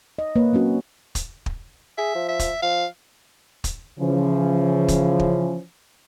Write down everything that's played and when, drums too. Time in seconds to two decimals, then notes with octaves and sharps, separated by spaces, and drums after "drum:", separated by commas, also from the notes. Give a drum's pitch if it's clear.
0.19 D#5
0.36 A#3 B4 C#5
0.53 F#3 C4 C#4 F#4
1.15 drum: kick, hi-hat
1.46 drum: kick
1.98 G#4 E5
2.15 F3
2.29 E5
2.39 drum: kick, hi-hat
2.63 F3 F5
3.64 drum: kick, hi-hat
3.99 C#3 E3 F3 C#4
4.88 drum: kick, hi-hat
5.19 drum: kick